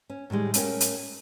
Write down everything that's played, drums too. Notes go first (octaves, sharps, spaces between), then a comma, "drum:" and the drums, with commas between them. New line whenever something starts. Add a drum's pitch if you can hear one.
C#4
A2 D#3 G3 G#3
A3 A#3 C#4 A4 A#4 G5, drum: hi-hat
drum: hi-hat